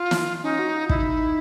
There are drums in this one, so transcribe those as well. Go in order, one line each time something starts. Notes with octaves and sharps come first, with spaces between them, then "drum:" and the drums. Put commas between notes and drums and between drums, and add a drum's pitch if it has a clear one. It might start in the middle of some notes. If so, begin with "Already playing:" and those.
Already playing: F4
drum: snare
C#4 D#4
F#4
F4
D#4 E4, drum: kick